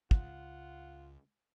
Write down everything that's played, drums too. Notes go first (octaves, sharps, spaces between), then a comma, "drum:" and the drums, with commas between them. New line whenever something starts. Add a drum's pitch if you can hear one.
C#2 F4 F#5, drum: kick